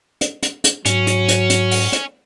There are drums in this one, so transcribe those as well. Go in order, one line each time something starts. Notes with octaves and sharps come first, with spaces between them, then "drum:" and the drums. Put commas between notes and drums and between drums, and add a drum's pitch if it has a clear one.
drum: hi-hat
drum: hi-hat
drum: hi-hat
G#2 F#3 C#4, drum: hi-hat
drum: hi-hat
drum: hi-hat
drum: hi-hat
drum: open hi-hat
drum: hi-hat